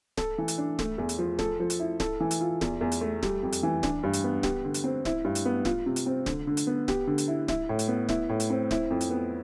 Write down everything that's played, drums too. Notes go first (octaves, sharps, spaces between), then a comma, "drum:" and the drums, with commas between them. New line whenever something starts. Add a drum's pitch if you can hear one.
A4, drum: snare D1
E3
drum: hi-hat
D4
A3, drum: snare D1
E2
drum: hi-hat
F3
A4, drum: snare D1
F3
drum: hi-hat
E4
A4, drum: snare D1
E3
drum: hi-hat
F4
E2, drum: snare D1
E2
drum: hi-hat
A3
G3, drum: snare D1
F2
drum: hi-hat
E3
D4, drum: snare D1
G2
drum: hi-hat
B3
G4, drum: snare D1
D3
drum: hi-hat
C4
E4, drum: snare D1
G2
drum: hi-hat
B3
F4, drum: snare D1
C3
drum: hi-hat
C4
D3, drum: snare D1
D3
drum: hi-hat
B3
G4, drum: snare D1
D3
drum: hi-hat
E4
E4, drum: snare D1
A2
drum: hi-hat
B3
E4, drum: snare D1
A2
drum: hi-hat
C4
E4, drum: snare D1
F2
drum: hi-hat
B3